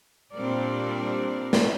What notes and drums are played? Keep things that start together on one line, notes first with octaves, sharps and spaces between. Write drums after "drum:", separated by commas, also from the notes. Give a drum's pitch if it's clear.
A#2 G3 C4 D4 A#4 D5
drum: snare